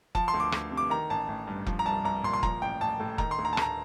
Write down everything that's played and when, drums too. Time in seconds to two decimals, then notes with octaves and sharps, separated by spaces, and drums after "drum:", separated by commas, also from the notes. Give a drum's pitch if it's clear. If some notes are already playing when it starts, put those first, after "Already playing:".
0.15 F3 A5, drum: kick F1
0.28 C6
0.34 D2
0.40 D6
0.52 D2, drum: rim click
0.71 C3
0.77 D6
0.90 D#3 A#5
1.10 A1 A5
1.28 A1
1.47 G2
1.67 F3, drum: kick F1
1.79 A#5
1.86 C2 A5
2.04 C2 A#5
2.23 A#2 C6
2.33 C6
2.43 F3 A#5, drum: kick F1
2.62 A1 G5
2.81 A1 A5
3.00 A2
3.18 D#3 A#5, drum: kick F1
3.31 C6
3.38 D2
3.45 A#5
3.53 A5
3.57 D2 A#5, drum: rim click